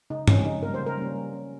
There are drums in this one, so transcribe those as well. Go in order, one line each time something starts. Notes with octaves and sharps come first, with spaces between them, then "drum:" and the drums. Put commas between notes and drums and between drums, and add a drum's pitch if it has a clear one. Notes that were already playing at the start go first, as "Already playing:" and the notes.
C#3 D#4
F3 G#3 C4 C#4, drum: tom G2
C#3 D#4
G3 A#3 C#4 A#4
C5
C#3
A#4
G3 A#3 C#4
G3
C#4